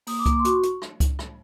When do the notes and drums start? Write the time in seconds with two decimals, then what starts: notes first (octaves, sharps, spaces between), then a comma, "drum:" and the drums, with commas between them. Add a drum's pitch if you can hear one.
0.07 A#3 D#6, drum: open hi-hat
0.19 D6
0.26 A#3, drum: kick C#2, hi-hat
0.33 D6
0.39 C6
0.45 F#4 C#6, drum: hi-hat
0.63 drum: hi-hat
0.82 drum: rim click
1.00 drum: kick C#2, hi-hat
1.19 drum: rim click